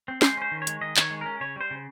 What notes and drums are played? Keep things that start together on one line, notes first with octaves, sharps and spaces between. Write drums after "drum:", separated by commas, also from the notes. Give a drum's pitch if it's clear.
C4
G#3 C5, drum: snare
C#4 C5
D#3
C#5
G#3, drum: hi-hat
D#3 D#5
D#3 C#5, drum: clap
G#3
C#4 A#4
C#3 C#5
G3 C5
C#3